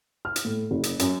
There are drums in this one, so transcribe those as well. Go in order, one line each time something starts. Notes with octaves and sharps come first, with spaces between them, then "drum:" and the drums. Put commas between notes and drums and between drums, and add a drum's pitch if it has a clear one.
F6
drum: hi-hat
A2
F#1
drum: hi-hat
F#2, drum: hi-hat